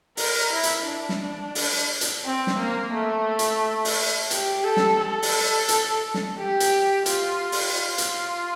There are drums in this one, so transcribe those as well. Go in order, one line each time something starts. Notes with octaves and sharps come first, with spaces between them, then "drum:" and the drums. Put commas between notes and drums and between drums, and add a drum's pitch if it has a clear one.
A#4, drum: open hi-hat
E4
drum: hi-hat
D4
drum: snare
drum: open hi-hat
drum: hi-hat
C4
drum: snare
A#3
A3
drum: hi-hat
drum: open hi-hat
G4, drum: hi-hat
A4
drum: snare
A4
drum: open hi-hat
drum: hi-hat
drum: snare
G4
drum: hi-hat
F4, drum: hi-hat
drum: open hi-hat
F4
drum: hi-hat